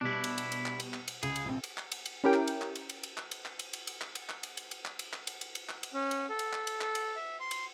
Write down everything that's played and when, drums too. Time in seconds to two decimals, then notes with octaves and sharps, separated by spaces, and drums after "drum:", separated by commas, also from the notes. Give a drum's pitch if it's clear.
0.01 B2 G3 D4 E4
0.24 drum: cymbal
0.38 drum: cymbal
0.52 drum: cymbal
0.66 drum: clap
0.80 drum: cymbal
0.94 drum: clap
1.08 drum: cymbal
1.23 C#2 G#3 G#4, drum: cymbal
1.36 drum: cymbal
1.45 A#1 C3 C4
1.64 drum: cymbal
1.78 drum: clap
1.92 drum: cymbal
2.06 drum: cymbal
2.24 C#4 E4 G4 A#4 G5
2.33 drum: clap
2.47 drum: cymbal
2.61 drum: clap
2.75 drum: cymbal
2.89 drum: cymbal
3.03 drum: cymbal
3.17 drum: clap
3.31 drum: cymbal
3.45 drum: clap
3.59 drum: cymbal
3.73 drum: cymbal
3.87 drum: cymbal
4.01 drum: clap
4.15 drum: cymbal
4.29 drum: clap
4.43 drum: cymbal
4.57 drum: cymbal
4.71 drum: cymbal
4.85 drum: clap
4.99 drum: cymbal
5.13 drum: clap
5.27 drum: cymbal
5.41 drum: cymbal
5.55 drum: cymbal
5.69 drum: clap
5.83 drum: cymbal
5.94 C#4
6.11 drum: cymbal
6.30 A4
6.39 drum: cymbal
6.53 drum: clap
6.67 drum: cymbal
6.81 A4, drum: clap
6.95 drum: cymbal
7.16 E5
7.40 C6
7.51 drum: cymbal